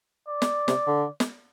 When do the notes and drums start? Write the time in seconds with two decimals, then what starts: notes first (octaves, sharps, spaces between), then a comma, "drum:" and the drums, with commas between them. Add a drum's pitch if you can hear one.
0.28 D5
0.42 drum: snare
0.68 C3, drum: snare
0.87 D3
1.20 drum: snare